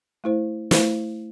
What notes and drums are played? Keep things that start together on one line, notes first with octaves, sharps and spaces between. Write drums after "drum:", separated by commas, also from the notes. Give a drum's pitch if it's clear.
A3 E4 C5
A3 E4 C5, drum: snare